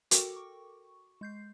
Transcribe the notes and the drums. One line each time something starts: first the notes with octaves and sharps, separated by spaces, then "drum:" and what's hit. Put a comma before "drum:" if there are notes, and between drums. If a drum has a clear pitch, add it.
F#4 A4 A#4 G5 C#6 D6, drum: hi-hat
C#6
G#3 G6 C7